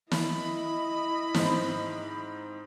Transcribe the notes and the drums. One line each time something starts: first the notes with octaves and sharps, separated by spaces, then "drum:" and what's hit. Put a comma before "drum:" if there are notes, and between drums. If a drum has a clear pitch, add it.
E4 D#5 B5, drum: snare
G#2 C4 D#4, drum: snare